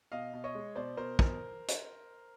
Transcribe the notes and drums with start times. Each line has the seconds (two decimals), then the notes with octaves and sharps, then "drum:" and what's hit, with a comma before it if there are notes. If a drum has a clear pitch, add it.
0.12 B2 D#5 F5
0.33 B2
0.44 C#5 D#5
0.55 G#3
0.76 B2 C5 D5
0.97 B2 A#4 C5
1.19 B2 A#4 C5, drum: kick
1.68 drum: hi-hat